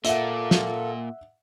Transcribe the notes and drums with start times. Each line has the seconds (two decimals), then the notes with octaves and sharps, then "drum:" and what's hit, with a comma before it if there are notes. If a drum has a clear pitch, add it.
0.05 A#2 A#3 A4 E5 F#5, drum: hi-hat
0.51 drum: snare